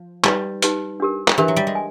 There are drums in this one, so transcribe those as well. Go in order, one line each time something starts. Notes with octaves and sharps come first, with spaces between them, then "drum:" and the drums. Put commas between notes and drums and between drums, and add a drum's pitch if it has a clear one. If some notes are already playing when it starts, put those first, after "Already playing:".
Already playing: F3
G3 D#4 G4 B4, drum: clap
D#4 G4 B4, drum: hi-hat
D4 G4 A#4
drum: clap
E3 D4 G4 A#4
F#3
G3
G#3
G#5